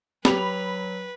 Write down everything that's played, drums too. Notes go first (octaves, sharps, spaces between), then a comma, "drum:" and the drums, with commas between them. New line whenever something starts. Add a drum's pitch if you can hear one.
F#3 G4 B4 B5 F7, drum: snare